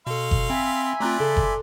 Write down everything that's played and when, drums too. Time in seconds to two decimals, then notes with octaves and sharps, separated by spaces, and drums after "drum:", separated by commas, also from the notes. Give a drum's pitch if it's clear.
0.07 B2 A4 F5 C6
0.31 drum: kick F#1
0.50 C4 E5 G#5 B5
1.00 A3 C4 F4 D5 A#5 C6 F#6 A#6
1.20 C#3 A4
1.37 drum: kick F#1